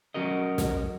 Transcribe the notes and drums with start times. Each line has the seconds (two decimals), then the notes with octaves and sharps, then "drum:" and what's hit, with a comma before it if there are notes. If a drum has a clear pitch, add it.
0.14 F#3 C#4 F#4 A#4 D#5
0.58 drum: snare